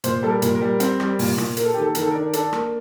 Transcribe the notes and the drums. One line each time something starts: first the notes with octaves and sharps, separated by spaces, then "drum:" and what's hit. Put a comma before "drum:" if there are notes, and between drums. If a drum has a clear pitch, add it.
A#2 C5, drum: hi-hat
G3 A4
A#4
A#2, drum: hi-hat
A#4
G3
C4, drum: hi-hat
G3, drum: rim click
A#2, drum: open hi-hat
A#2, drum: rim click
A#3 A#4, drum: hi-hat
A4
D#3 G4
A4
D#3 A#4, drum: hi-hat
A4
D4 A#4
D4 A4, drum: hi-hat
A#3, drum: rim click